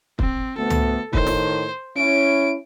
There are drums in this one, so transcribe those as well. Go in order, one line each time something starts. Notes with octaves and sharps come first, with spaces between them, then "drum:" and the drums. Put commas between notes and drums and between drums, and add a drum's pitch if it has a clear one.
C4, drum: kick
D2 A3 B3 A4
drum: tom
A2 D#3 C5, drum: kick
drum: snare
C#4 E4 D7